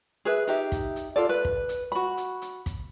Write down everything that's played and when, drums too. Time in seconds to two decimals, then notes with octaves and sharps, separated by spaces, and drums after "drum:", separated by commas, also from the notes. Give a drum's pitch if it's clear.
0.25 G#4 B4 E5
0.47 D#4 G4 E5, drum: hi-hat
0.72 drum: kick, hi-hat
0.96 drum: hi-hat
1.16 F4 A4 D5
1.29 B4
1.45 drum: kick
1.69 drum: hi-hat
1.92 F#4 B5
2.17 drum: hi-hat
2.42 drum: hi-hat
2.66 drum: kick, hi-hat